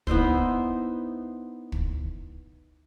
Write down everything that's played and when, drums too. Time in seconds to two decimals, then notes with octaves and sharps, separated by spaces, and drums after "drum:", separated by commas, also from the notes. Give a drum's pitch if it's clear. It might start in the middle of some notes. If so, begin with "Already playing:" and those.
0.07 B3 D#4 E4 C5, drum: kick
1.72 drum: kick